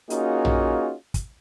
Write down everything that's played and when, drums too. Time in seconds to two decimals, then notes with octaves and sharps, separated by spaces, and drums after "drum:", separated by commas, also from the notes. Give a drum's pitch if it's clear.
0.10 A#3 C#4 D#4 F4 F#4 G#4, drum: hi-hat
0.45 drum: tom A#1
1.14 drum: kick, hi-hat